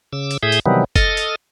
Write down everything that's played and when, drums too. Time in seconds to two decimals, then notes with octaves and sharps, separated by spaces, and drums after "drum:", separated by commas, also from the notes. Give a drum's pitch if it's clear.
0.12 C#3 D6 E6
0.31 drum: hi-hat
0.43 A2 G#4 E5 D#6 G6
0.52 drum: hi-hat
0.66 C3 D#3 E3 F#3 G3 B3
0.96 A4 D#5 D#6 F6 A6, drum: kick F#1, hi-hat
1.17 drum: hi-hat